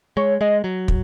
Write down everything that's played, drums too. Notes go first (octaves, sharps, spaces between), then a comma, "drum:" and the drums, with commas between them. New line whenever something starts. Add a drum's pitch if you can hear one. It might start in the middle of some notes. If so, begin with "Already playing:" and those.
G#3 C#5
G#3 D#5
F#3
drum: kick